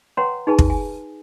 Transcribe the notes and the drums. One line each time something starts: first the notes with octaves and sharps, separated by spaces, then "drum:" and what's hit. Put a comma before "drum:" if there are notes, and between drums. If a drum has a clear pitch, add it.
B4 C#5 F#5 G5 A#5 C6
D#4 G#4 B4 G#5 A5
drum: kick
G#5